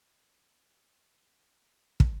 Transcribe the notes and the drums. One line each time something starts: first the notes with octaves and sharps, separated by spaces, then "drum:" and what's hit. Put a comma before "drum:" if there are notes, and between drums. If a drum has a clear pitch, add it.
D3 G5
G#2 G5 G#5
F4
drum: kick